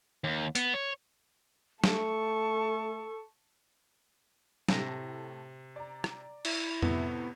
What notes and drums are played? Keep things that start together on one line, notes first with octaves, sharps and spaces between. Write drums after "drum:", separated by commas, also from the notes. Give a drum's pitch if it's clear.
D#2
B3, drum: hi-hat
C#5
A3 A4 A5 C#6, drum: snare
A2 C3 A3 A#6, drum: snare
D5 A#5
drum: rim click
E4, drum: cymbal
A2 C3 B3, drum: tom F2